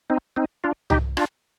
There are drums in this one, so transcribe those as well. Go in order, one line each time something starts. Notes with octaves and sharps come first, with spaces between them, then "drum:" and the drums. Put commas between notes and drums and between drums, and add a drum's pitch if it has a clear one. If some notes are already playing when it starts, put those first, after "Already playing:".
C4 D#4
C4 D#4
D4 F4
D#4 G4, drum: tom C2
D4 F4, drum: rim click